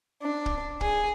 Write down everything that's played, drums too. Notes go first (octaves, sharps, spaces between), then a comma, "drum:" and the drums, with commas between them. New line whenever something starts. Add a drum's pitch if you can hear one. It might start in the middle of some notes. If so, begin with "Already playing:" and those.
D4
drum: kick
G#4, drum: kick